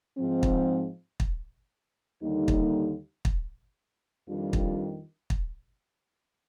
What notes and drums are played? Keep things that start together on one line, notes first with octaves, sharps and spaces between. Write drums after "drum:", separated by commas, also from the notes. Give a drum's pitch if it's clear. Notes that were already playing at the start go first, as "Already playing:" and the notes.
G#2 F3 C4
drum: kick
drum: kick
D#2 D3 G3 A#3 D#4
drum: kick
drum: kick
F2 D#3 G3 D4 F4
drum: kick
drum: kick